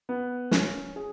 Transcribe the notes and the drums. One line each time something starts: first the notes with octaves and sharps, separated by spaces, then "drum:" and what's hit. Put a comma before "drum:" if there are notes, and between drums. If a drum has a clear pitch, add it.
B3
C#4, drum: snare
G#4